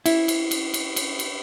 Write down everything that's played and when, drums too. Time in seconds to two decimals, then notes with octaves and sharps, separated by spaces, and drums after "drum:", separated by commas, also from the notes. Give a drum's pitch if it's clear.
0.06 E4, drum: cymbal
0.28 drum: cymbal
0.51 drum: cymbal
0.74 drum: cymbal
0.96 drum: cymbal
1.19 drum: cymbal